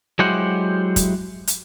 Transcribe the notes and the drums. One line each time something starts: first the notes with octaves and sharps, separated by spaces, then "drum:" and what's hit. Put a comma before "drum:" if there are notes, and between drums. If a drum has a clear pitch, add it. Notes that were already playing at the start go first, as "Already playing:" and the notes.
F#3 G#3 E4 G4 C5 F#5
drum: kick, hi-hat
drum: hi-hat